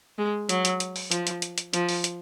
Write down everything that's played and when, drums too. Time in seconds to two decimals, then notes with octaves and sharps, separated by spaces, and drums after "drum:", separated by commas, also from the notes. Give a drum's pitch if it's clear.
0.18 G#3
0.49 F#3, drum: hi-hat
0.65 drum: hi-hat
0.80 drum: hi-hat
0.96 drum: open hi-hat
1.11 F3, drum: hi-hat
1.27 drum: hi-hat
1.42 drum: hi-hat
1.58 drum: hi-hat
1.73 F3, drum: hi-hat
1.89 drum: open hi-hat
2.04 drum: hi-hat